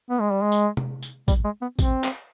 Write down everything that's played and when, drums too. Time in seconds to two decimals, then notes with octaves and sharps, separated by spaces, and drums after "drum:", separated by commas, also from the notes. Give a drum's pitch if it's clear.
0.10 B3
0.20 G#3
0.31 G3
0.42 G#3
0.52 drum: tambourine
0.77 drum: tom C3
1.03 drum: tambourine
1.28 G3, drum: kick, tambourine
1.45 G#3
1.62 B3
1.79 C4, drum: kick, tambourine
2.04 drum: clap